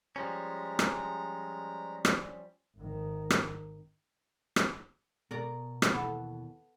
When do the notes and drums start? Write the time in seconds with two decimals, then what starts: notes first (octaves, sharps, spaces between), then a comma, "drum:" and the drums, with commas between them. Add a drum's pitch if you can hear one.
0.16 F3 G3 G#3 C#4 A#5
0.79 drum: rim click
2.05 drum: rim click
2.77 G#1 D#3
3.30 drum: rim click
4.56 drum: rim click
5.31 B2 A#4 D5 A#5
5.82 drum: rim click
5.92 D#2 B2 E3 B3 A4